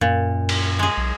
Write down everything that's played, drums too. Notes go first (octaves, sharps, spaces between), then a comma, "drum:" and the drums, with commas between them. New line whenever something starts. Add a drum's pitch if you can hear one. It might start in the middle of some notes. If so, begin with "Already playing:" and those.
F#2 A#2
drum: cymbal
G#3 G#4
B1